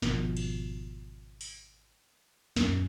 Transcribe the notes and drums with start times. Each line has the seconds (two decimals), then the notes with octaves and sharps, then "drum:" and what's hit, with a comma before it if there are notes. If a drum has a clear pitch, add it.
0.02 G#1 B2 F3, drum: snare
0.37 drum: cymbal
1.41 drum: open hi-hat
2.56 D#1 F#2 C#4, drum: snare